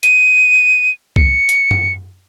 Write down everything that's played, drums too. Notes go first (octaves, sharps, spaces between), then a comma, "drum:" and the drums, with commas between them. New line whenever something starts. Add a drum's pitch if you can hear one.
D#7, drum: hi-hat
C#7, drum: kick C2
drum: hi-hat
drum: tom F#2